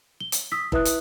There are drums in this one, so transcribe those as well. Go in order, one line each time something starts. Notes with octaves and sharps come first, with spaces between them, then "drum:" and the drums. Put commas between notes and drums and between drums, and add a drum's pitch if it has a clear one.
G7
drum: hi-hat
D#6 E6 B6
E4 B4 E5 D#6 F#6, drum: kick
drum: hi-hat